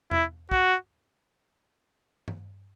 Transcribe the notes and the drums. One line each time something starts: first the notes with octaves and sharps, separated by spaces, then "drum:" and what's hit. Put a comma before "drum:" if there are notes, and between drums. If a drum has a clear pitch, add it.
E4, drum: tom E2
F#4, drum: kick
drum: tom G2